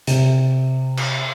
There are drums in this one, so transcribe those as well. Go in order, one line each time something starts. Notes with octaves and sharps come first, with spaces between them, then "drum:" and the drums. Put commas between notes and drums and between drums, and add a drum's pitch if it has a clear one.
C3, drum: hi-hat
drum: cymbal